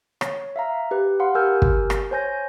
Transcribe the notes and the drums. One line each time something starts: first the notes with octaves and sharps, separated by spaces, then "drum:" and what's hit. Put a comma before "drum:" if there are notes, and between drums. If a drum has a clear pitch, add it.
C#5, drum: rim click
E5 F5 A#5
G4 B4
F5 F#5 B5 C6
G4 A#4 G#5 E6 F6 G6
drum: kick
drum: rim click
C5 C#5 G#5 G6 A#6